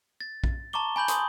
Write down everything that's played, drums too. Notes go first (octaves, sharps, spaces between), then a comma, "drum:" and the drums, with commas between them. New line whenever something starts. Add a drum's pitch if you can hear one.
A6
drum: kick A#1
A5 A#5 C#6 D6 G7
G#5 B5 G6 F#7
G#5 C6 D#6 F#7, drum: hi-hat